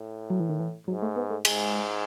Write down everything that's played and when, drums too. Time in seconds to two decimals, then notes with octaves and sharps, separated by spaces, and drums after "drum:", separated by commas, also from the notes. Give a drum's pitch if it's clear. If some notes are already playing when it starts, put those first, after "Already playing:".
Already playing: A2
0.30 F#3
0.40 E3
0.49 D#3
0.60 E3
0.87 G#2 F#3
1.02 A3
1.16 B3
1.30 A3
1.45 G#2 G#3, drum: cymbal